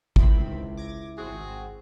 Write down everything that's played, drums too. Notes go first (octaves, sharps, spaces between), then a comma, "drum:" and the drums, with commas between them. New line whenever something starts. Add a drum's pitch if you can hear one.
C#2 D#3 C4 E4 B5, drum: kick
D6 G#6 A#6
G#1 C4 F#4 G#4